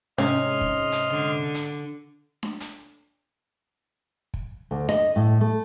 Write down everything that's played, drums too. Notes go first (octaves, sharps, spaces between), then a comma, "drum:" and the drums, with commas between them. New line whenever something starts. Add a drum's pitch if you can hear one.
G#2 C3 C#4 D#5 C6 F6, drum: snare D4
drum: kick
drum: hi-hat
D3
drum: hi-hat
drum: snare D4
drum: hi-hat
drum: kick
D2
D#5, drum: snare D4
A2
A3